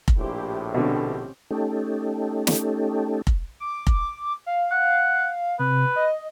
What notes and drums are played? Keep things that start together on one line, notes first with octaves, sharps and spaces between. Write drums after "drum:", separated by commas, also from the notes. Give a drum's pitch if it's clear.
drum: kick F1
A#1 A2 E4 G4 C5
B2 D3 C4 C#4 G4
A3 C#4 D#4 G4 A4
drum: snare
drum: kick F1
D6
drum: kick F1
F5
F#5
C3 B4
D#5